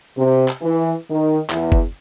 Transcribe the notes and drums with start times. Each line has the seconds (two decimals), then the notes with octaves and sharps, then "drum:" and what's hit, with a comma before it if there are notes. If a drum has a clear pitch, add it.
0.17 C3
0.48 drum: clap
0.62 E3
1.10 D#3
1.50 E2, drum: clap
1.72 drum: kick F#1